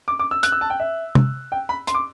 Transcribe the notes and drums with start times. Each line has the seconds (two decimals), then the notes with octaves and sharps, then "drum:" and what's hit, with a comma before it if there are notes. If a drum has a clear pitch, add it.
0.08 D6
0.19 D6
0.31 E6
0.43 F#6, drum: hi-hat
0.52 E6
0.61 A5
0.70 G5
0.80 E5
1.15 drum: tom
1.52 G5
1.69 B5
1.87 C6, drum: hi-hat
1.94 D6